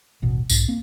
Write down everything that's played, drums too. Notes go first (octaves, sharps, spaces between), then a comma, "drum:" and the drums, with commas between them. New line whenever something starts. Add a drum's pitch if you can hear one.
D#1 A1 B2
B1 G#2, drum: tambourine
A#3 C4